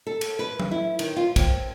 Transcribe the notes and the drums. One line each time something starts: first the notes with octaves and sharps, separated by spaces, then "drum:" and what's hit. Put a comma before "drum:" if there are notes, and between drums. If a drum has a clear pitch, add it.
A4
drum: cymbal
B4
drum: tom F#3
E4
D#3, drum: cymbal
F4
C4, drum: kick, cymbal